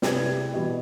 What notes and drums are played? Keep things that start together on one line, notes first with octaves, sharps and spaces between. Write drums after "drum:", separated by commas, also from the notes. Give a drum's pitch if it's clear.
C3 G3 E4 G#4 B4 G#6, drum: snare
B2 E3 G3 B3